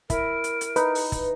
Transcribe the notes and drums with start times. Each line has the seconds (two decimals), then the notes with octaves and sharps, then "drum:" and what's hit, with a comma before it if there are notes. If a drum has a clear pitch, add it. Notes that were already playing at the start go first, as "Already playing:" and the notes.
0.10 E4 A#4, drum: kick, hi-hat
0.44 drum: hi-hat
0.61 drum: hi-hat
0.76 D#4 B4, drum: hi-hat
0.95 drum: open hi-hat
1.12 drum: kick, hi-hat